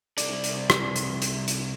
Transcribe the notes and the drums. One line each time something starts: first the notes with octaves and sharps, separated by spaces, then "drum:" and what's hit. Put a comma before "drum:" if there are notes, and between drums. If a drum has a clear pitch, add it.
C2 D5, drum: hi-hat
drum: hi-hat
drum: rim click
drum: hi-hat
drum: hi-hat
drum: hi-hat